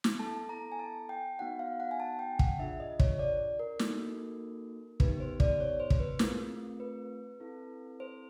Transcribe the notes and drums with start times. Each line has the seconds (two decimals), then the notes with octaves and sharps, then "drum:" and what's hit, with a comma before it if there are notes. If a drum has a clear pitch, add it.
0.04 drum: snare
0.19 B3 E4 A4 A5
0.49 A#5
0.72 G#5
0.79 A5
1.09 G5
1.39 B3 D#4 F#4 F#5
1.59 F5
1.80 F#5
1.91 G#5
2.00 A5
2.19 G5
2.39 F#5, drum: kick
2.59 D4 F4 G#4 E5
2.80 D#5
3.00 C#5, drum: kick
3.19 D5
3.59 A#4
3.79 A#3 D#4 F#4 A4, drum: snare
5.00 B3 D#4 G4 B4, drum: kick
5.20 C5
5.40 D5, drum: kick
5.60 C#5
5.80 C5
5.90 drum: kick
6.00 B4
6.19 A3 C4 F4 G#4 A#4, drum: snare
6.80 B4
7.40 C4 E4 A4
8.00 C5